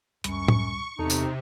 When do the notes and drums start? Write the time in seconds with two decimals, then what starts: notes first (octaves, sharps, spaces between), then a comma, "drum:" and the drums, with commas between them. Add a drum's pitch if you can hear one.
0.24 C#2 F#2 G3 B5 C#6, drum: hi-hat
0.48 drum: tom A2
0.99 E2 C3 D#4 A4 A5
1.10 drum: tambourine